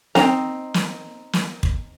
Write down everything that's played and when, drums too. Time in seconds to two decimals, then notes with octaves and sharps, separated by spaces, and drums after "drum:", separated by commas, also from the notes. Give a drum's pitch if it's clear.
0.15 C4 D#4 A#5, drum: snare
0.74 drum: snare
1.33 drum: snare
1.63 drum: kick